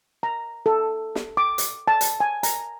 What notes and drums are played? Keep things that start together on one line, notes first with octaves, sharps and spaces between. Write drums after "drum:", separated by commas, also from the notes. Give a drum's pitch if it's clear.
A#5
A4
drum: snare
D6
drum: hi-hat
A5
drum: hi-hat
G#5
A#5, drum: hi-hat